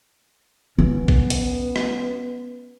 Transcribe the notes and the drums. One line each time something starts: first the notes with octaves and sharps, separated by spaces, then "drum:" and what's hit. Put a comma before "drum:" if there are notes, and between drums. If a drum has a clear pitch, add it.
B3 C#4
drum: kick
drum: hi-hat
drum: rim click